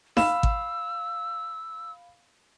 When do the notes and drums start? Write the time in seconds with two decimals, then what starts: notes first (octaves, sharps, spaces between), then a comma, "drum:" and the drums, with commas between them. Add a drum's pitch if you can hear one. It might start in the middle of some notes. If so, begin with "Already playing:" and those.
0.17 F5 B5 E6 E7, drum: snare D#4
0.43 drum: kick